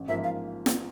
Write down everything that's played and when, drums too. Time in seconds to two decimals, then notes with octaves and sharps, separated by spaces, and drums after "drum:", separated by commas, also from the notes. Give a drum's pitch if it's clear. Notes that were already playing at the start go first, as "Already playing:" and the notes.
Already playing: A1
0.08 G#2 F3 A#3 E5
0.24 F5
0.66 drum: snare